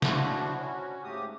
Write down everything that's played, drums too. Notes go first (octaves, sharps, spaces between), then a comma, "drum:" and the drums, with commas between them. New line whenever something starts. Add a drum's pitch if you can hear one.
F3 D4 E4 F#4, drum: snare
C#4 F#4
G#2 C#3 A3 G4 D#6